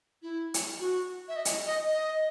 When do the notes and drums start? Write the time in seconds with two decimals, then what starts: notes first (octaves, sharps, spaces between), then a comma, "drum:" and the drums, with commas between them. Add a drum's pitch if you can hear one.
0.22 E4
0.54 drum: hi-hat
0.79 F#4
1.28 E5
1.36 D#5
1.45 drum: hi-hat
1.66 D#5
1.93 D#5